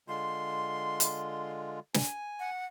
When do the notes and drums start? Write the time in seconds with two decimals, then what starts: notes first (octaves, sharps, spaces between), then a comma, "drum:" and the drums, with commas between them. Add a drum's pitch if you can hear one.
0.08 D3 G#3 F4 C6
1.00 drum: hi-hat
1.94 G#5, drum: snare
2.40 F#5